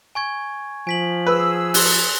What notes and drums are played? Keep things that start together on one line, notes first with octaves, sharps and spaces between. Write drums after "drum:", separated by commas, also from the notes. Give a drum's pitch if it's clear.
G#5 C#6 G#6
F3 G#5 B6 F#7
G#4 B4 E6
C6 F#6, drum: open hi-hat